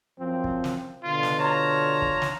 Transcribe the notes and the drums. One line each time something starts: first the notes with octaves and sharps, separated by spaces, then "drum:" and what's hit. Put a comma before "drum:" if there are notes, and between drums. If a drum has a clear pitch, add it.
F#2 F3 C4
drum: kick
drum: snare
B2 D3 F4
drum: snare
F4 C#5 A5 A#5
drum: kick
drum: snare